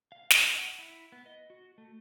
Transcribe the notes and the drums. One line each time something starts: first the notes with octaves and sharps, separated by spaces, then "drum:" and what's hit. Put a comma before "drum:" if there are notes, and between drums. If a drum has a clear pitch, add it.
F5
F6, drum: snare
F#5
E4
B3
D#5
F#4
A3